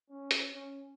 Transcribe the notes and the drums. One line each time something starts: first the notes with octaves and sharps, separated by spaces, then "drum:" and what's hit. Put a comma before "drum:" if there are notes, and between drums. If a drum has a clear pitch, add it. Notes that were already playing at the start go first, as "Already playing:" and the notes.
C#4
drum: hi-hat
C#4